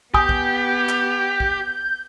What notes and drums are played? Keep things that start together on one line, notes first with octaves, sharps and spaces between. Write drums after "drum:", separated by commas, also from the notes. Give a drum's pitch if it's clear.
B3 G4 G#5 D#6 G6, drum: kick
drum: kick
drum: clap
drum: kick